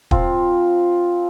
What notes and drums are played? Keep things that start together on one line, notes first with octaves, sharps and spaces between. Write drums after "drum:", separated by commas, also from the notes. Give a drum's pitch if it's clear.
F3 C4 F4, drum: kick